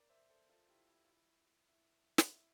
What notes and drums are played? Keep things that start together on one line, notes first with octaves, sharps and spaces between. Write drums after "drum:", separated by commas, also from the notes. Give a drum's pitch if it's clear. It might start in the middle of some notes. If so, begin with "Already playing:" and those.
Already playing: A#4 D5
C5 E5
A4 C5
F4 A4
E4 G4
E4
F4
E4
E4
drum: snare
E4